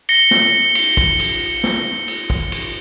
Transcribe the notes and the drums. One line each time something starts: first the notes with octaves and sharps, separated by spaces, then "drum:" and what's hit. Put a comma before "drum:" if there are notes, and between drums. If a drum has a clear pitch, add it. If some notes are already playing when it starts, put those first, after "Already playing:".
A#6 C#7 G7
drum: snare
drum: cymbal
drum: kick
drum: cymbal
drum: snare
drum: cymbal
drum: kick
drum: cymbal